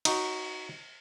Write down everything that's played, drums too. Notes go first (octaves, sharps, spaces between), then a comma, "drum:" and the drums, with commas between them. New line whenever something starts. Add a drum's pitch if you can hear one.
D#4 F#4, drum: cymbal